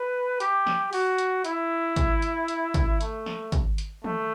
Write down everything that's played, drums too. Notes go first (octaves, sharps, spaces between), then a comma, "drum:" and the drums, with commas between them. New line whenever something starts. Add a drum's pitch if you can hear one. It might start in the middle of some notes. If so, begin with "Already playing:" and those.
Already playing: B4
G4, drum: hi-hat
drum: snare
F#4, drum: open hi-hat
drum: hi-hat
E4, drum: hi-hat
drum: kick, hi-hat
drum: hi-hat
drum: hi-hat
drum: kick, hi-hat
A3, drum: hi-hat
drum: snare
drum: kick, hi-hat
drum: hi-hat
A3, drum: tom